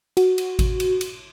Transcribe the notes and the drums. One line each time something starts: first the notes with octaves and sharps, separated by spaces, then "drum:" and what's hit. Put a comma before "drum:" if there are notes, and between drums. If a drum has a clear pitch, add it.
F#4, drum: cymbal
drum: cymbal
drum: kick G#1, cymbal
drum: cymbal
drum: cymbal